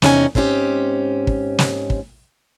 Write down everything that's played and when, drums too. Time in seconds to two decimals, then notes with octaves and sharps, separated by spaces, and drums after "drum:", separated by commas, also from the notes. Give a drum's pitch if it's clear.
0.02 E2 C3 C#4 D#4 B4 G#5, drum: snare
0.35 G#2 C4 C#4 E4 G4, drum: kick
1.27 drum: kick
1.59 drum: snare
1.90 drum: kick